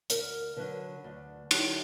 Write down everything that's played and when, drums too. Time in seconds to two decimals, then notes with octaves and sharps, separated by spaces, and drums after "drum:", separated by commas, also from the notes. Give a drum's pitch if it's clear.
0.10 D2 A#4, drum: hi-hat
0.56 D3 F#3 B4
1.04 D2
1.51 D3 F#3, drum: cymbal